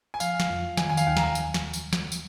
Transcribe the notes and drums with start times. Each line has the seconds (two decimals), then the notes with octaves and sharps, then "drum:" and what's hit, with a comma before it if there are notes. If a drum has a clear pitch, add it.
0.14 G#5
0.20 F3 F5, drum: tambourine
0.40 drum: snare
0.50 F2
0.77 D#3 G#5, drum: snare
0.90 G#5
0.97 F5, drum: tambourine
1.07 D#2
1.17 A#5, drum: snare
1.23 G#5
1.35 drum: tambourine
1.54 drum: snare
1.73 drum: tambourine
1.93 drum: snare
2.12 drum: tambourine